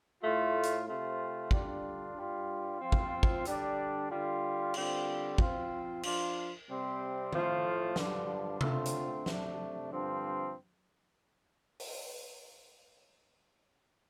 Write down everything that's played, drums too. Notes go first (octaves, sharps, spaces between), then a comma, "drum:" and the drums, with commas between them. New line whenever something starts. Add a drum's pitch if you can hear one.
A2 A3 F4
drum: hi-hat
C3 A3 C4 F4
D3 G3 D4 F4, drum: kick
G2 G3 F4
F3 C4 F4
drum: kick
drum: kick
D3 G3 D4, drum: hi-hat
D3 G3 F4
D3 G3 C4 F4, drum: cymbal
F3 C4 F4, drum: kick
F3 D4 F4, drum: cymbal
C3 G3 C4
A2 F3 A3 F4, drum: tom D#3
G2 D3 F3 D4, drum: snare
D3 A3 C4 F4, drum: tom C3
drum: hi-hat
C3 A3 D4, drum: snare
G2 D3 F3 C4
drum: open hi-hat